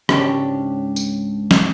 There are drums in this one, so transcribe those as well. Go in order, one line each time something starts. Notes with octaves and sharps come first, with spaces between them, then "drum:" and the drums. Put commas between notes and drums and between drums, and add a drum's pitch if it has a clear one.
C#2 G#2 C#4 D4 G4, drum: rim click
drum: tambourine
drum: snare